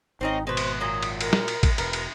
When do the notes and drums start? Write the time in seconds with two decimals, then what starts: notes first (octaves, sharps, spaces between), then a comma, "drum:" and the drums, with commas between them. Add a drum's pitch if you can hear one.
0.21 G#1 C4 C#4 D#4 D#5
0.47 B2 B4 C5
0.57 drum: cymbal
0.81 A#2 F#3 D#6
1.03 drum: cymbal
1.21 A#4, drum: cymbal
1.33 drum: snare
1.48 drum: cymbal
1.63 drum: kick A1, cymbal
1.78 E1 A#4 B4, drum: cymbal
1.93 drum: cymbal